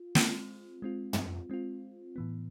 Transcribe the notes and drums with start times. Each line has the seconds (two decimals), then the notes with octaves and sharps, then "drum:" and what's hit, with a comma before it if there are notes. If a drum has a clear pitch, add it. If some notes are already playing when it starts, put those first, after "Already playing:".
Already playing: F4
0.15 G#3 C4 F4, drum: snare
0.82 G#3 C4 F4
1.13 drum: tom
1.50 G#3 C4 F4
2.16 A2 E3 B3